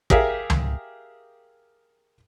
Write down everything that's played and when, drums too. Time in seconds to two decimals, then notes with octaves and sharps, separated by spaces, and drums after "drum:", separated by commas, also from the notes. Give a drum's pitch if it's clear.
0.10 G4 G#4 A#4 E5 F5, drum: kick
0.50 drum: tom C#2